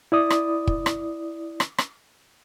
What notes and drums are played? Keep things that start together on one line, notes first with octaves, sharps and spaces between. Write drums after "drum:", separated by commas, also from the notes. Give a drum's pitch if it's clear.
E4 D5 D#6
drum: rim click
drum: kick
drum: rim click
drum: rim click
drum: rim click